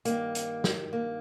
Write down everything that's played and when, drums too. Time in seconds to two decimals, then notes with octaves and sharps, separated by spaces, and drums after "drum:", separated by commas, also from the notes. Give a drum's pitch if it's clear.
0.05 G2 D#3 G3 A#3, drum: hi-hat
0.35 drum: hi-hat
0.64 drum: snare
0.93 A#3